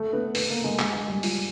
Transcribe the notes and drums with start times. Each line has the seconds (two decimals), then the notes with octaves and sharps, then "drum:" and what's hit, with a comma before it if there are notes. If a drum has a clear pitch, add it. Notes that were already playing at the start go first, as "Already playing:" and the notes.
Already playing: A3
0.13 B3
0.35 B3, drum: open hi-hat
0.50 A#3
0.64 G#3
0.79 G#3, drum: clap
0.94 G#3
1.08 G3
1.23 F3, drum: open hi-hat